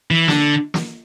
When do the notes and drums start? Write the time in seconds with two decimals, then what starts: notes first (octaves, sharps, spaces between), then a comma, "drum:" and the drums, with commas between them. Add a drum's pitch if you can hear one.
0.11 E3
0.28 D3, drum: snare
0.74 drum: snare